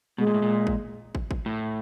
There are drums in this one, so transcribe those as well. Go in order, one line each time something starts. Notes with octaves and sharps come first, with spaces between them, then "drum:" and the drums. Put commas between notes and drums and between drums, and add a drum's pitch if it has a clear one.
B2 G#3
A#2
A2
A#2
drum: kick
drum: kick
drum: kick
A2